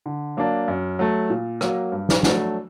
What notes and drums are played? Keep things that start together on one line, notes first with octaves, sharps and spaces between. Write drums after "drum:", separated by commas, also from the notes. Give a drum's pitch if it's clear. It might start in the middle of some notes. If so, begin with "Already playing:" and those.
D3
F#3 A#3 D4
F#2
F#3 A3
A#2
F#3 A#3 F#4, drum: rim click
G2
drum: snare
F#3 A3 D4 F#4, drum: snare